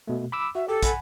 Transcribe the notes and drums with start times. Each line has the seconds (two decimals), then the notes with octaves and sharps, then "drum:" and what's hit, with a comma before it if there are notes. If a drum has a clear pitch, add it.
0.07 B2 A3
0.32 B5 D6 E6
0.55 F#4 E5
0.68 G4 A4
0.83 F#5 G#5 B5, drum: kick, hi-hat